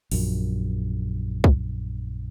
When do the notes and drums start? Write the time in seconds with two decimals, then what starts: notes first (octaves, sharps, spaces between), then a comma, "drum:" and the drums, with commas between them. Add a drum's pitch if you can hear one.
0.11 A#1 F#2, drum: open hi-hat
1.44 drum: kick C2